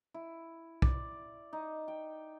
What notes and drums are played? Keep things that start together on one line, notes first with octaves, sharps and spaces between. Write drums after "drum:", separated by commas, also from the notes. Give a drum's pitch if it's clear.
E4
D5, drum: kick
D#4
G5